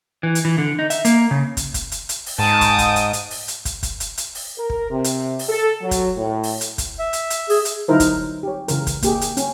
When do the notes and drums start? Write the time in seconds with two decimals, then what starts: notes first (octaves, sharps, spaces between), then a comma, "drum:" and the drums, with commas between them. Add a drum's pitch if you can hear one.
0.23 E3
0.35 drum: hi-hat
0.45 E3
0.58 D3
0.79 D#4
0.90 E5, drum: hi-hat
1.05 A#3, drum: hi-hat
1.31 C#3
1.57 drum: kick, hi-hat
1.74 drum: kick, hi-hat
1.92 drum: hi-hat
2.09 drum: hi-hat
2.26 drum: open hi-hat
2.39 G#2 G5 A5 D#6
2.61 drum: kick, hi-hat
2.78 drum: kick, hi-hat
2.96 drum: hi-hat
3.13 drum: hi-hat
3.31 drum: open hi-hat
3.48 drum: hi-hat
3.65 drum: kick, hi-hat
3.83 drum: kick, hi-hat
4.00 drum: hi-hat
4.17 drum: hi-hat
4.35 drum: open hi-hat
4.58 A#4
4.70 drum: kick
4.90 C3
5.04 drum: hi-hat
5.39 drum: open hi-hat
5.49 A4
5.81 F#3
5.91 drum: kick, hi-hat
6.17 A2
6.43 drum: open hi-hat
6.61 drum: hi-hat
6.78 drum: kick, hi-hat
6.99 E5
7.13 drum: hi-hat
7.30 drum: hi-hat
7.50 G#4, drum: open hi-hat
7.65 drum: hi-hat
7.88 D3 F#3 D#4 E4 A#4 C5
8.00 drum: kick, hi-hat
8.43 G4 C#5
8.68 C#3 E3 A#4, drum: hi-hat
8.87 drum: kick, hi-hat
9.03 A#3 G4 G#4, drum: kick, hi-hat
9.21 drum: hi-hat
9.37 C#4, drum: hi-hat